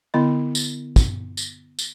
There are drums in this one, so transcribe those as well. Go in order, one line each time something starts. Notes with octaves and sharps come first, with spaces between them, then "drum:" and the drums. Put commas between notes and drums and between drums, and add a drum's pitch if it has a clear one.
D3 B3 E4 D#5
drum: tambourine
drum: kick, tambourine
drum: tambourine
drum: tambourine